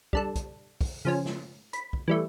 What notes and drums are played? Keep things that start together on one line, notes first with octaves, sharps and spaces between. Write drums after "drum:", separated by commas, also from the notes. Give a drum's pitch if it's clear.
G3 D4 A4, drum: kick
drum: kick, hi-hat
drum: kick, open hi-hat
C#3 F3 C#4
drum: snare
B5, drum: hi-hat
drum: kick
E3 G3 A3